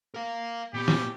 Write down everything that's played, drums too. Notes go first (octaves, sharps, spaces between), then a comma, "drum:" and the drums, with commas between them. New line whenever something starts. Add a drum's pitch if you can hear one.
A#4 F5
A#2 B3 G4
drum: snare